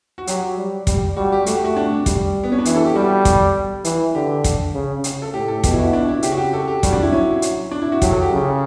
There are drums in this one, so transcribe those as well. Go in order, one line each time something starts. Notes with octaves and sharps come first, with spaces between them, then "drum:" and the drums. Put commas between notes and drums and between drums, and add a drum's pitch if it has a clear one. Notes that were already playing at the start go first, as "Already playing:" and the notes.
F#4
F#3 G4, drum: hi-hat
G3
G3, drum: kick, hi-hat
G3 F#4
G4
A3 F#4, drum: hi-hat
G4
F#4
D4
G3, drum: kick, hi-hat
B3
C#4
D4
E3 E4, drum: hi-hat
A4
G4
G3 F#4
drum: kick, hi-hat
E3, drum: hi-hat
D3 G4
drum: kick, hi-hat
C#3
C#3, drum: hi-hat
A4
A2 G4
A4
B2 G4, drum: kick, hi-hat
E4
F#4
D4
E4
C#3 G4, drum: hi-hat
F#4
G4
A4
G4
G3 F#4, drum: kick, hi-hat
D4
E4
F#3 C#4
drum: hi-hat
D4
E4
F#4
F#3 G4, drum: kick, hi-hat
A4
G4
C#3